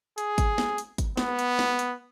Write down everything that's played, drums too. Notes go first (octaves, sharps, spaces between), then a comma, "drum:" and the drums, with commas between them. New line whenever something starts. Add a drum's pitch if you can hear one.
G#4, drum: hi-hat
drum: kick, hi-hat
drum: snare
drum: hi-hat
drum: kick, hi-hat
B3, drum: snare
drum: hi-hat
drum: snare
drum: hi-hat